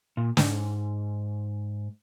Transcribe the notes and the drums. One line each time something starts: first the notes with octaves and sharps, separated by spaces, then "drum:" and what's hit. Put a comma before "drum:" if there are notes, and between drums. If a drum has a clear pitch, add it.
A#2
G#2, drum: snare